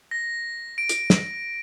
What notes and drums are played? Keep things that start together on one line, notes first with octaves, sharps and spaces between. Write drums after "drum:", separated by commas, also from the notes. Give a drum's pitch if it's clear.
A#6
D7
drum: hi-hat
drum: snare